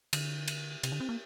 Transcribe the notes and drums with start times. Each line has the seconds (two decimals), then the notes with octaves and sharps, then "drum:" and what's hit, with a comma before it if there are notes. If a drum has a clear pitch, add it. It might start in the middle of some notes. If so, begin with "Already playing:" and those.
0.13 D3, drum: cymbal
0.48 drum: cymbal
0.83 C3, drum: cymbal
0.92 D3
1.00 C4
1.09 A#3